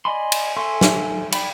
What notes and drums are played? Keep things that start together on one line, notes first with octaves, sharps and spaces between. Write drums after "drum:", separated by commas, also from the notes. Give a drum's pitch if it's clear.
D5 D#5 G#5 B5 C6
drum: cymbal
A4 E5 G#5 C6 C#6
drum: snare
D5 F5 G5 B5, drum: cymbal